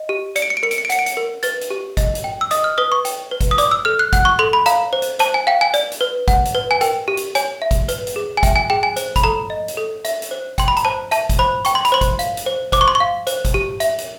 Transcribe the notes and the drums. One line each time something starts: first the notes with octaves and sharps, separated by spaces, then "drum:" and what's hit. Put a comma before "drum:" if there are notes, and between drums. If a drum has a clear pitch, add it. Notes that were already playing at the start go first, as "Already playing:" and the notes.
Already playing: D#5
G4
D5 C#7, drum: hi-hat
D7
C#7
D7
A#4 C#7
D7, drum: hi-hat
C#7
D7
F#5 C#7, drum: hi-hat
D7
C#7, drum: hi-hat
A#4
B4 A6, drum: hi-hat
drum: hi-hat
G4
D#5, drum: kick G#1, hi-hat
drum: hi-hat
G5
E6
D#5 D#6, drum: hi-hat
F6
B4 D#6
C#6
G5, drum: hi-hat
B4
drum: kick G#1, hi-hat
D#6
D5 D6, drum: hi-hat
E6
A4 F6
F#6
F#5 F#6, drum: kick G#1, hi-hat
C#6
A4 C6
B5
F5 A#5, drum: hi-hat
C5
drum: hi-hat
C5 A5, drum: hi-hat
G#5
F5 G5
G#5
D5, drum: hi-hat
drum: hi-hat
B4
F#5, drum: kick G#1, hi-hat
drum: hi-hat
B4
G#5
A#4 G5, drum: hi-hat
G4
drum: hi-hat
C#5 G#5, drum: hi-hat
E5
drum: kick G#1, hi-hat
B4, drum: hi-hat
drum: hi-hat
G#4
G#5
E5 G5, drum: kick G#1, hi-hat
G#5
G#4 G5
G#5
C5, drum: hi-hat
B5, drum: kick G#1, hi-hat
A4 A#5
D#5
drum: hi-hat
A4
E5, drum: hi-hat
drum: hi-hat
C5
G5 C6, drum: kick G#1, hi-hat
B5
A#5, drum: hi-hat
C5 A5
E5 A5, drum: hi-hat
drum: kick G#1, hi-hat
C5 B5
G5 C#6, drum: hi-hat
C6
B5, drum: hi-hat
C5 C6
drum: kick G#1, hi-hat
F5, drum: hi-hat
drum: hi-hat
C5
C5 D6, drum: kick G#1, hi-hat
C#6
C6
C#6
F5
C5, drum: hi-hat
drum: kick G#1, hi-hat
G4
E5, drum: hi-hat
drum: hi-hat